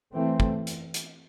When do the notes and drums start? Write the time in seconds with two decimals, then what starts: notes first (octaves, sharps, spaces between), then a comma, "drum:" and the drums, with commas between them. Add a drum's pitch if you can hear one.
0.13 E3 A3 C4
0.40 drum: kick
0.67 drum: hi-hat
0.94 drum: hi-hat